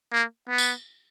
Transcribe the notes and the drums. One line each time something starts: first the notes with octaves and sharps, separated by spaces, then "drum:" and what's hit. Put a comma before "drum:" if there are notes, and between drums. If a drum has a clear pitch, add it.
A#3
B3
drum: tambourine